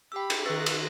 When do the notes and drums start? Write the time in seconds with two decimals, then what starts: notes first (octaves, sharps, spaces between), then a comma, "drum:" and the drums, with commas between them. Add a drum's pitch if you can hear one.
0.12 G4 G5 B5 E6
0.30 drum: cymbal
0.46 D#3 B4 C#6 E6 F#6 A6 A#6
0.66 drum: cymbal